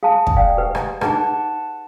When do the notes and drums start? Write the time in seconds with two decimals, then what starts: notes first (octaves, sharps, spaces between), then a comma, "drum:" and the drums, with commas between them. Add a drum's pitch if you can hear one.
0.03 G#4 F5 A5
0.27 drum: kick
0.36 D5 F5 G5
0.57 G4 B4 F#5
0.75 drum: rim click
1.01 D#4 G#4 B4 F#5 A5, drum: rim click